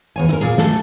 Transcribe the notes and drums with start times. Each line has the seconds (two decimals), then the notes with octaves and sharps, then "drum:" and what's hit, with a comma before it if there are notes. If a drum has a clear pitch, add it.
0.16 E2 C#5 G#5
0.29 E4 A#4
0.41 A#2 G#4, drum: hi-hat
0.58 A3 A4, drum: snare